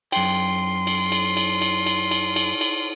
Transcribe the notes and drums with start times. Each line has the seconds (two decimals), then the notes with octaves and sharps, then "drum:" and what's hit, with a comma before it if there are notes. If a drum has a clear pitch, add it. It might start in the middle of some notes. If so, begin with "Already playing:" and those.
0.12 F#2 G5 C6, drum: cymbal
0.87 drum: cymbal
1.12 drum: cymbal
1.37 drum: cymbal
1.61 drum: cymbal
1.86 drum: cymbal
2.11 drum: cymbal
2.36 drum: cymbal
2.61 drum: cymbal